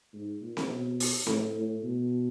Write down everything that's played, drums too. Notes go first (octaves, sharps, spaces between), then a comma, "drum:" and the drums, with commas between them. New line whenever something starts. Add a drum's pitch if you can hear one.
G#2
A#2
drum: snare C4
B2
drum: open hi-hat
A2, drum: snare C4
A2
B2